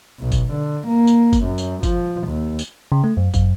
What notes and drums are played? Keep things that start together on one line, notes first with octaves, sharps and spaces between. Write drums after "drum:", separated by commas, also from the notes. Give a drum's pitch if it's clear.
B1
drum: kick G1, tambourine
D3
A#3
drum: tambourine
drum: kick G1, tambourine
F#2
drum: tambourine
F3, drum: kick G1, tambourine
D#2
drum: tambourine
C#3
A3
F#2
F#2, drum: kick G1, tambourine